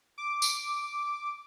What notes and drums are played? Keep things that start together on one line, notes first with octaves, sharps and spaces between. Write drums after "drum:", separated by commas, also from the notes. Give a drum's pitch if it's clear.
D6
drum: tambourine